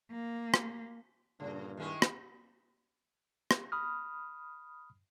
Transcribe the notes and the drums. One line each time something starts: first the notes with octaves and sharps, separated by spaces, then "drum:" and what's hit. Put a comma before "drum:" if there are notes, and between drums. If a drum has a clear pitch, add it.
A#3
drum: rim click
G2 A#2 C#3
D#3 G#3 E4
drum: rim click
drum: rim click
B5 D#6 F6